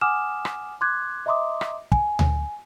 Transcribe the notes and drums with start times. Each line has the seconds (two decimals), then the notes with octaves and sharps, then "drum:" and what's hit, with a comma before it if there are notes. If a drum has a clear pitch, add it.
0.01 F#5 G#5 D6 D#6 F6 E7
0.45 drum: rim click
0.81 C6 D6 F#6 G#6
1.26 D#5 E5 A#5 C6 D6 D#6
1.61 drum: rim click
1.92 G#5, drum: kick
2.19 drum: tom D2